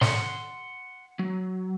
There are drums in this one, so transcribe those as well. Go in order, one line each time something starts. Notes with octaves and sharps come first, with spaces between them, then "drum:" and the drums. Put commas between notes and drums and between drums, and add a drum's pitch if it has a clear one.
F#5 C6, drum: snare
F#3